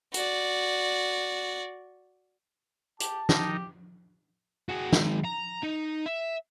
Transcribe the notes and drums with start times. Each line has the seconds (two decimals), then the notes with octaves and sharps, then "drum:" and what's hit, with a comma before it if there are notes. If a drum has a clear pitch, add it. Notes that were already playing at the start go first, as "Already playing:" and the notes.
0.14 F#4 D5, drum: hi-hat
3.00 G4 A5, drum: hi-hat
3.29 D#3 D#4 G4, drum: snare
4.69 F#4 G#4
4.92 D#3 G#3, drum: snare
5.25 A#5
5.63 D#4
6.06 E5